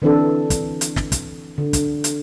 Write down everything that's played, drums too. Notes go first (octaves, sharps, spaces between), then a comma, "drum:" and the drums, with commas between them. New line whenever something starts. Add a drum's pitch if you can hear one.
D3 E3 C4 D4 A4
drum: kick, hi-hat
drum: hi-hat
drum: snare
drum: kick, hi-hat
D3
drum: kick, hi-hat
drum: hi-hat